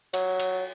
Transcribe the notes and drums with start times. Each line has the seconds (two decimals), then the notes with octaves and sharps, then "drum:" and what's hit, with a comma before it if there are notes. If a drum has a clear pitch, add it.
0.14 F#3, drum: cymbal
0.40 drum: cymbal